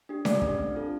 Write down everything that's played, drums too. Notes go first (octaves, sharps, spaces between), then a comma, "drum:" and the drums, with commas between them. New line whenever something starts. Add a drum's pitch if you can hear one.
D4 G4
A3 D5, drum: snare C#4
D4 G4, drum: kick
C4
F4 A4